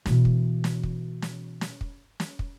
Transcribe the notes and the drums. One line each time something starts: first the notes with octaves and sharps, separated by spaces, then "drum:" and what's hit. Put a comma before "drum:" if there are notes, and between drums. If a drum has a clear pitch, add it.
B2 E3, drum: snare
drum: kick
drum: snare
drum: kick
drum: snare
drum: snare
drum: kick
drum: snare
drum: kick